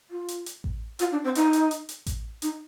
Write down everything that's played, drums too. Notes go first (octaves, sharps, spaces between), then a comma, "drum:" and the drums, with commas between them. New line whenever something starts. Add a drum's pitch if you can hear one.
F4
drum: hi-hat
drum: hi-hat
drum: kick A1
F4, drum: hi-hat
D4
C4
D#4, drum: hi-hat
drum: hi-hat
drum: hi-hat
drum: hi-hat
drum: kick A1, hi-hat
D#4, drum: hi-hat